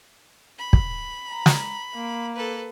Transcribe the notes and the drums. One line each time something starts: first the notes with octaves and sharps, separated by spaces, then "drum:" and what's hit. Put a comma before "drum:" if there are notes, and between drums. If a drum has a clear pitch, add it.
B5
drum: kick
A#5
drum: snare
A#3
A4 B4